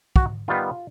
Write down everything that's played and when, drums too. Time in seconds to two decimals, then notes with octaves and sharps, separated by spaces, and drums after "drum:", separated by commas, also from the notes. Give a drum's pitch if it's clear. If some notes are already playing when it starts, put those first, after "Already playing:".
0.16 F#4, drum: kick
0.48 D#3 G3 B3 F4